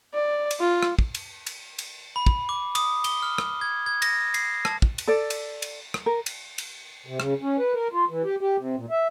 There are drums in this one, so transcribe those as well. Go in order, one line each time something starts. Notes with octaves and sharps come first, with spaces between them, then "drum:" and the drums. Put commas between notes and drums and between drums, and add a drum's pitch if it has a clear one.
D5
drum: cymbal
F4
drum: rim click
drum: kick
drum: cymbal
drum: cymbal
drum: cymbal
B5
drum: kick
D6
D#6, drum: cymbal
G7, drum: cymbal
F6
drum: rim click
G#6
G#6
A#6, drum: cymbal
C7, drum: cymbal
A5, drum: rim click
drum: kick
drum: cymbal
A4 D5
drum: cymbal
drum: cymbal
drum: rim click
A#4
drum: cymbal
drum: cymbal
C3
C#3, drum: rim click
C#4
B4
A#4
F4
E3
G4
G4
C3
A#2
E5